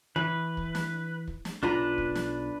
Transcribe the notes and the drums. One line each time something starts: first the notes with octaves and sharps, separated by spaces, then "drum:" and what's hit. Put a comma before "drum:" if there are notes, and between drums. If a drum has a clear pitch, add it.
E3 B4
drum: kick
drum: snare
drum: kick
drum: snare
B1 D4 F4 B4 A#5
drum: kick
drum: snare